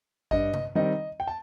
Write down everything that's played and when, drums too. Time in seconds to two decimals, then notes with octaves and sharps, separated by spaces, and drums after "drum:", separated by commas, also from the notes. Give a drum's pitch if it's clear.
0.31 G2 D#5, drum: kick G#1
0.54 drum: tom C3
0.75 D#3 G3 C4 D#5
1.20 G5
1.27 A5